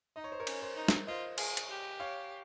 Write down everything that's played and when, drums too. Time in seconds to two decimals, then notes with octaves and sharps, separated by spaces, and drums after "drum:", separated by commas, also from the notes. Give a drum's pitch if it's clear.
0.16 D#4 D#5
0.24 C#5
0.32 C5
0.40 A#4 C#5
0.47 C#4, drum: cymbal
0.62 C5
0.77 D#4
0.88 drum: snare
1.07 F4 C5 D#5
1.38 G#4, drum: cymbal
1.57 drum: hi-hat
1.70 G4
2.00 C#5 F5